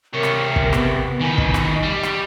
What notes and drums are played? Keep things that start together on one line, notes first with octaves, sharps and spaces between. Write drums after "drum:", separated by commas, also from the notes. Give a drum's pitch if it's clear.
C3 A#4 C#5
drum: rim click
drum: kick
B3, drum: rim click
D#3 B4 G#5
D#5, drum: kick
drum: rim click
G3
drum: rim click